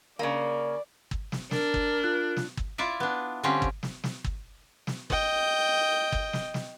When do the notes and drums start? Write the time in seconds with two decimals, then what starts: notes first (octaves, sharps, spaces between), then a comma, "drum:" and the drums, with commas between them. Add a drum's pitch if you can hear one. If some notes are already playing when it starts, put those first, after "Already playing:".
0.19 C#3 A#3 D5
1.11 drum: kick G1
1.32 drum: snare
1.51 D4 A#4, drum: snare
1.74 drum: kick G1
2.04 F4 F#6
2.37 drum: snare
2.57 drum: kick G1
2.78 E4 F4 D5 E5
3.00 B3 D4
3.43 D3 G3 C4 C#4 F4 G4
3.62 drum: kick G1
3.83 drum: snare
4.04 drum: snare
4.24 drum: kick G1
4.87 drum: snare
5.10 D#5 G5, drum: kick G1
6.12 drum: kick G1
6.33 drum: snare
6.54 drum: snare